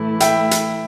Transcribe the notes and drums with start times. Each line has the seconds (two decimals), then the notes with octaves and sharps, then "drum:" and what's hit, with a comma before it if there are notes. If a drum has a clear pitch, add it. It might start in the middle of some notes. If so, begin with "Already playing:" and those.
Already playing: A2 E3 A3 E4
0.20 E5 G5, drum: hi-hat
0.51 drum: hi-hat